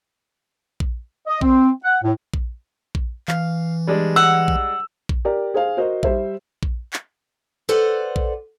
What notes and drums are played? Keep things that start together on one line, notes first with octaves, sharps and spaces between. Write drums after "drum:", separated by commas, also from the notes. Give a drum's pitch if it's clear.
drum: kick A#1
D#5
C4, drum: kick A#1
F#5
A2
drum: kick A#1
drum: kick A#1
E3 F5, drum: clap
G3 G#3 D4
F#5 E6
drum: kick A#1
drum: kick A#1
G4 A#4 D5
G#4 C5 F5
F#4 A#4 C5 D#5
G3 C5 E5, drum: kick A#1
drum: kick A#1
drum: clap
A4 B4 C5 D5 F#5
drum: kick A#1